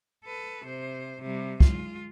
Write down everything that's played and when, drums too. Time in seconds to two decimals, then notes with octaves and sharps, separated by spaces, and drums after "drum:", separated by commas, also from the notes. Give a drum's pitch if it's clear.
0.24 A4 B4
0.65 C3 C5
1.22 C3 G3
1.60 G#3 F4, drum: kick